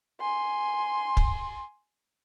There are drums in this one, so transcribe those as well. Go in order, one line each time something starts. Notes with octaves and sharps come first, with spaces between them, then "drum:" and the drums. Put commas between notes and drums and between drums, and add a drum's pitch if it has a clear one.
G#5 C6
drum: kick